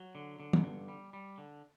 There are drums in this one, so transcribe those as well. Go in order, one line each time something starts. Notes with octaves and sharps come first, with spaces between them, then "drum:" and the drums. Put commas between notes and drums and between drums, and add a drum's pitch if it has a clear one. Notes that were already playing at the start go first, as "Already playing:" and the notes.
Already playing: F#3
D3
D3
drum: tom
G2
G3
G3
D3